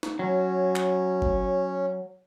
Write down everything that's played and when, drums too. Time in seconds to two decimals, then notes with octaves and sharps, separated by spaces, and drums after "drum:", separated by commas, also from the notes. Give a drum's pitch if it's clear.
0.03 drum: snare
0.19 F#3 C#4
0.76 drum: clap
1.22 drum: kick G1